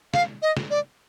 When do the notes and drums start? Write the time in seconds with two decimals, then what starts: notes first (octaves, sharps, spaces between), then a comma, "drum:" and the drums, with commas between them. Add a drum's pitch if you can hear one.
0.14 F5, drum: snare
0.42 D#5
0.57 drum: snare
0.70 D5